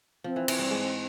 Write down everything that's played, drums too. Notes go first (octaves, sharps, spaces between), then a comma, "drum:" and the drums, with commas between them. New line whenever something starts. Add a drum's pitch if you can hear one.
F3 C4
E3
E3, drum: cymbal
G2 G3
G#2 G#3